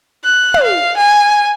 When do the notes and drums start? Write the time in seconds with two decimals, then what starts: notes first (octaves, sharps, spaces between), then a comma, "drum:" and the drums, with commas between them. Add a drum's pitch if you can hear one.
0.25 F#6
0.54 drum: tom
0.63 F5
0.97 G#5